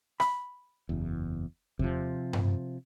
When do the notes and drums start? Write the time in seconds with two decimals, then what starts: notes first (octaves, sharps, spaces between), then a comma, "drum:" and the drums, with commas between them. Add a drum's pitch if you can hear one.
0.20 B5, drum: rim click
0.89 F#1 E2
1.79 C3 F3, drum: kick E2
2.33 drum: tom G2